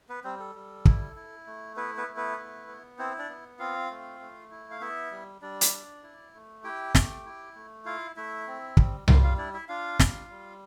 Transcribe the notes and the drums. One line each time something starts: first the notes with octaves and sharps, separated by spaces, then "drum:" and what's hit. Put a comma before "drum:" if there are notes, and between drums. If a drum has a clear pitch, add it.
B3 B4
G3 C4 C5
A4
G3
E4, drum: kick
E4
A3
B3 E4 B4
B3 B4
A3
B3 B4
E4
B3
C4 E4 C5
D4 D5
B3
C4 F4 F5
A3
A3
E4
F5
B3 E4 E5
G3
G3 D4 D5
drum: hi-hat
D4
E4
A3
E4 G4 G5
A3, drum: snare
E4
A3
E4 F4 F5
A3 E4 E5
C4
G3, drum: kick
G3 F4 F5, drum: tom C2
F4 F5
D4 E4 D5
E4 E5
D4 F4 F5
G3, drum: snare
G3